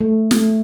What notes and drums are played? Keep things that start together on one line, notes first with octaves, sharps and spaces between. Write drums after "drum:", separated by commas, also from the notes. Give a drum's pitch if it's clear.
A3
A3, drum: snare